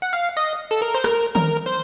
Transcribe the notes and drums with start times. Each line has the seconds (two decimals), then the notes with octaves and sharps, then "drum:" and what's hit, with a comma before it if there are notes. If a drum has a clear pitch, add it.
0.02 F#5
0.13 F5
0.37 D#5
0.71 A4
0.82 A#4
0.95 C5
1.04 A#4, drum: rim click
1.35 A#4, drum: tom D#3
1.66 C5